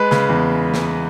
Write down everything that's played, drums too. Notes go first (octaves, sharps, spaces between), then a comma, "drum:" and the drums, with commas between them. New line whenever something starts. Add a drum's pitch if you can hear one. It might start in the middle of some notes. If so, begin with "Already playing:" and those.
Already playing: G#3 B4
C#3, drum: snare
E2
drum: snare